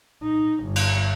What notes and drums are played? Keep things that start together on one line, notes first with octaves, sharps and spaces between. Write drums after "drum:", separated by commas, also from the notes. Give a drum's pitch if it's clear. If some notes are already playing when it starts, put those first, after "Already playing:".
D#4
G1
drum: cymbal